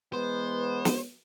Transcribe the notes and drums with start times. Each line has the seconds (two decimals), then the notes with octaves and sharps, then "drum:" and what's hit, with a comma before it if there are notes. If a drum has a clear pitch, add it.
0.13 E3 G#3 B3 B4 C5
0.85 drum: snare